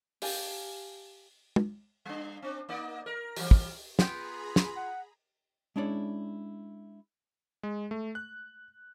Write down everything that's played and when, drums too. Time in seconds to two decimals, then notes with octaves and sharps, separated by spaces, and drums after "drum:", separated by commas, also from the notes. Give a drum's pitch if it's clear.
0.22 G4 F5 G#5 A5, drum: open hi-hat
1.56 drum: tom
2.05 G3 D4
2.42 C4 D4
2.69 A#3 D#4 D5
3.06 A#4
3.36 E3 F3 G3, drum: open hi-hat
3.51 drum: kick
3.99 B3 F4 G#4 G5 A#5 B5, drum: snare
4.56 drum: snare
4.76 F#5
5.76 G#3 C#4 D4 E4 C#5 D5
7.63 G#3
7.91 A3
8.15 F#6